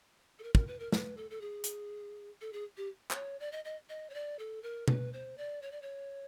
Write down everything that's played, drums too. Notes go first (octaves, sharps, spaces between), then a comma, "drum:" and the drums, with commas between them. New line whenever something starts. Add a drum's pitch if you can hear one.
A4
A#4
A#4, drum: kick
B4
A#4
B4, drum: snare
A4
A4
G#4
drum: hi-hat
A4
G#4
G4
C5, drum: clap
C#5
D5
D#5
D#5
D#5
C#5
D5
A4
A#4
B4, drum: tom B2
C5
D5
C#5
D5
C#5